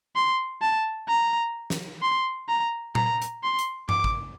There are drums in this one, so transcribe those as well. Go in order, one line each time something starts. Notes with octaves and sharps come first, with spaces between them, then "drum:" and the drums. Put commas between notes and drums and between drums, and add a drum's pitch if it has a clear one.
C6
A5
A#5
drum: snare
C6
A#5
A#5, drum: tom A#2
drum: hi-hat
C6
drum: hi-hat
D6, drum: tom G2
drum: kick